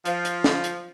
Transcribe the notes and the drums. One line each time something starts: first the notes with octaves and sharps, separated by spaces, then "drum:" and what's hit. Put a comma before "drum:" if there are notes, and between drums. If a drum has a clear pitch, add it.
F3, drum: hi-hat
drum: hi-hat
drum: snare
drum: hi-hat